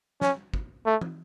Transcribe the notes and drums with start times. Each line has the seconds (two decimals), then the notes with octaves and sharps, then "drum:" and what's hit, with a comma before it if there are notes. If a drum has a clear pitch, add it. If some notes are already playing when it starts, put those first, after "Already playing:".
0.21 C#4, drum: snare
0.54 drum: kick
0.86 A3
1.01 drum: tom